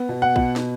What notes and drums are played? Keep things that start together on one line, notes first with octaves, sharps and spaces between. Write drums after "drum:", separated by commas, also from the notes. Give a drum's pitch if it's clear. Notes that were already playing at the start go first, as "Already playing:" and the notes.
Already playing: B3
B2
F#5
B2, drum: kick A#1
drum: snare